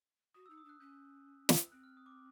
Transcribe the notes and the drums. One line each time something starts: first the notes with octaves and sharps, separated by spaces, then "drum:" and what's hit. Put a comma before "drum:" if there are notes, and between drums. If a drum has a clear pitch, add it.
F#4 D#6
E6
D#4
D#6
D4 F#6
C#4 G6
drum: snare
C4 F#6
F6
D#6
D6